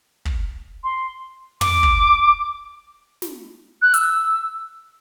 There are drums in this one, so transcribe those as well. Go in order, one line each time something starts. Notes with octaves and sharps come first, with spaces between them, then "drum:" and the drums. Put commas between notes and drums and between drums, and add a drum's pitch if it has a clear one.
drum: kick
C6
D6, drum: tom
drum: kick
drum: snare
F#6
E6, drum: hi-hat